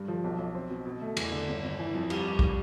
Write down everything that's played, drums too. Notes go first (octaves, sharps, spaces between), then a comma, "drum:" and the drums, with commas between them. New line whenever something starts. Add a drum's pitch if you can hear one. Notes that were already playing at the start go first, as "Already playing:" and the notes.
Already playing: G2
F3
B1
B1
C4
B2
B2
A3
E2, drum: cymbal
D3
G1
G1
E3
F2
G3, drum: cymbal
G2
drum: kick